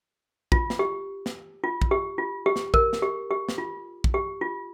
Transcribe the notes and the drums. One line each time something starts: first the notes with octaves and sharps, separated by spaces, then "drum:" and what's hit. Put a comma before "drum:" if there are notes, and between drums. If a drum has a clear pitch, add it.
F4, drum: kick
drum: snare
G4
drum: snare
F4
drum: kick
G4
F4
G4
drum: snare
A#4, drum: kick
drum: snare
G4
G4
drum: snare
F4
drum: kick
G4
F4